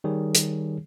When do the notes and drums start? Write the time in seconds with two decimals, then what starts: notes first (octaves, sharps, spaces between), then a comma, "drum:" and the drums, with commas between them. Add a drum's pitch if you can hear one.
0.04 D#3 G3 G#4 C#5
0.35 drum: hi-hat